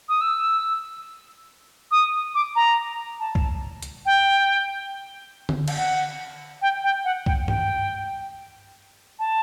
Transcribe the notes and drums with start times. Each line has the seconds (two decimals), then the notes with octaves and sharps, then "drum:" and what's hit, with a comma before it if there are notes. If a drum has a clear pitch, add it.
0.09 D#6
0.21 E6
1.91 D#6
2.35 D6
2.56 A#5
3.20 A5
3.35 drum: kick C2
3.82 drum: hi-hat
4.06 G5
5.49 drum: tom D3
5.68 drum: cymbal
5.77 F#5
6.62 G5
6.84 G5
7.05 F#5
7.26 G5, drum: kick C2
7.48 G5, drum: tom G2
9.19 A5